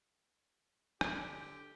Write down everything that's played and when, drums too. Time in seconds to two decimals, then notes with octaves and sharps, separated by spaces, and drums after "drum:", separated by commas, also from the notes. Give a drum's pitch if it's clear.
1.01 D3 G4, drum: rim click